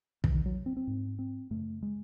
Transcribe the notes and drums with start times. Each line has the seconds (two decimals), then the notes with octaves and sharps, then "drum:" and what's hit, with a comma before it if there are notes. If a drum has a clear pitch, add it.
0.24 E2 C3 E3, drum: kick
0.34 D#3
0.46 F#3
0.66 C4
0.77 C4
0.87 G#2
1.19 C4
1.51 F#2 C#3 A3
1.83 G#3